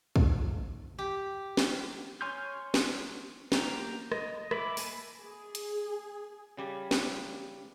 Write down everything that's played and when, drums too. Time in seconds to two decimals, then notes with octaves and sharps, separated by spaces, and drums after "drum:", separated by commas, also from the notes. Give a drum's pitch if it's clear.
0.16 drum: kick
0.99 G4
1.57 drum: snare
2.21 C#5 G#5 C6 F6 G6
2.74 drum: snare
3.52 A#3 G4 A#5, drum: snare
4.12 D#5, drum: rim click
4.51 E5 B5 D6, drum: rim click
4.77 A#3 B4 G#5 A5, drum: open hi-hat
5.22 G#4
5.55 drum: hi-hat
6.57 C#3 G3 D5 G#5
6.91 drum: snare